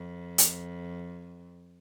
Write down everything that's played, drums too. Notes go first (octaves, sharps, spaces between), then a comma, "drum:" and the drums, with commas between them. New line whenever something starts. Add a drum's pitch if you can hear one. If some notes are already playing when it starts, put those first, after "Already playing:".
Already playing: F2
drum: hi-hat